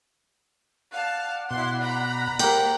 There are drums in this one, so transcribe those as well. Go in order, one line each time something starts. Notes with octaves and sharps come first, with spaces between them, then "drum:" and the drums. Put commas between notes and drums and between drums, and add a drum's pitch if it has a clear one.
D5 F5 F#5 A5 F#6
B2 E4 C6
A#5 B5
A#3 G4 A#4, drum: cymbal